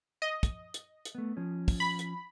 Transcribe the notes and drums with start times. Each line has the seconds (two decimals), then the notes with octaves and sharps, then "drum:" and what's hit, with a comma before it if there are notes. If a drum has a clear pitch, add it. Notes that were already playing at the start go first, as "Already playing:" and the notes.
0.22 D#5
0.43 drum: kick, hi-hat
0.74 drum: hi-hat
1.05 drum: hi-hat
1.15 A3 B3
1.37 F3 C#4
1.68 drum: kick, open hi-hat
1.80 B5
1.99 drum: hi-hat